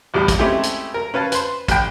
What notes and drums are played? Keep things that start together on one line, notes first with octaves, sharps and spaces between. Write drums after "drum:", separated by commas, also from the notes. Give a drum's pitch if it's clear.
A1 E2 G3
drum: kick, hi-hat
G#3 A3 C4 C#4 E4 G4
drum: hi-hat
A#4
C#4 B4 F5 A5
B4 C5, drum: hi-hat
A1 G5, drum: kick, hi-hat